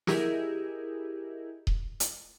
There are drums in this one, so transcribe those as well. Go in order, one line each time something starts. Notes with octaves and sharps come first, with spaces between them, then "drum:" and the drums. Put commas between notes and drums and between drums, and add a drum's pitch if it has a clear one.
E4 G4 G#4 A#4 D#5 E5, drum: snare
drum: kick D#1
drum: hi-hat